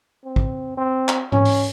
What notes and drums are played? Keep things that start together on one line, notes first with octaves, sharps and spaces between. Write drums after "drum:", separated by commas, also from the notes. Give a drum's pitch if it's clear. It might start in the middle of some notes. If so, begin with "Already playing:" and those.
C4
drum: kick
C4
drum: clap
C#4, drum: tom G#2
drum: open hi-hat